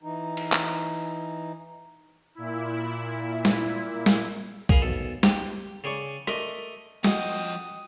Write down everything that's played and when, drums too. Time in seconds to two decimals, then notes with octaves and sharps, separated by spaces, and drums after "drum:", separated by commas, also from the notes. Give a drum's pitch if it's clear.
0.03 E3 D#4
0.37 drum: cymbal
0.52 drum: clap
2.35 A#2 E4
3.45 drum: snare
4.06 drum: snare
4.69 G#4 A#4 F5 A#5 B5, drum: kick
4.82 B1 A4
5.23 G4, drum: snare
5.84 C#3 G#4 D5 C#6
6.27 A3 A#4 D5 D#5, drum: rim click
7.04 F3 F#4 D#5 G5 D#6, drum: snare